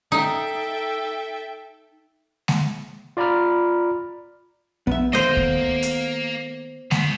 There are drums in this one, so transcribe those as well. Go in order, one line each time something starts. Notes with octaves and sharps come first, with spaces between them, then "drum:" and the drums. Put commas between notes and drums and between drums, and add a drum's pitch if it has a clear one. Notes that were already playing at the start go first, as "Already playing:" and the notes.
D#4 A4 E5 G5
drum: snare G#3
F4 D5 A#5 B5 F6
A#1 B3 E5
D#3 A3 A#3 C5 D#5
drum: kick D2
drum: hi-hat
A2 B3, drum: snare G#3